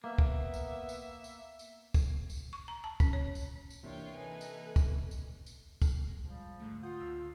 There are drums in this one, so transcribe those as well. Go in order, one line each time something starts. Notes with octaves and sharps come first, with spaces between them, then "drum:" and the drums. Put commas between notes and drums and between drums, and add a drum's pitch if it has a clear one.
A#3 B3 E5
drum: kick
drum: tambourine
drum: tambourine
drum: tambourine
drum: tambourine
drum: kick, tambourine
drum: tambourine
C#6
A#5
A5
C#4, drum: kick, tambourine
C#5
drum: tambourine
drum: tambourine
C3 E3 A#3 D4 F4 C#5 G5
D#4 A4 B4 G#5
drum: tambourine
drum: kick, tambourine
drum: tambourine
drum: tambourine
drum: kick, tambourine
G#3
F3 G3
G#2 D3 A3
F4 F#5 D#6 G6
C#2 D3 E6